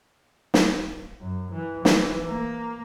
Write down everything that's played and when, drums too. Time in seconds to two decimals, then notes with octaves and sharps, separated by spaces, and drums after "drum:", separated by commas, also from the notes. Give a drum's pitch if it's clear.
0.54 drum: snare
1.20 F#2
1.52 E3
1.85 E3, drum: snare
2.27 A#3